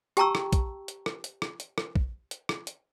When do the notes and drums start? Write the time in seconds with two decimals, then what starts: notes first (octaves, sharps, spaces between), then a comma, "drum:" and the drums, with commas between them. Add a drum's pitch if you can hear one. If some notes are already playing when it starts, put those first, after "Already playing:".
0.17 G4 G5 A5 A#5 C#6 E6, drum: hi-hat
0.35 drum: rim click
0.53 drum: kick, hi-hat
0.88 drum: hi-hat
1.06 drum: rim click
1.24 drum: hi-hat
1.42 drum: rim click
1.60 drum: hi-hat
1.78 drum: rim click
1.96 drum: kick
2.31 drum: hi-hat
2.49 drum: rim click
2.67 drum: hi-hat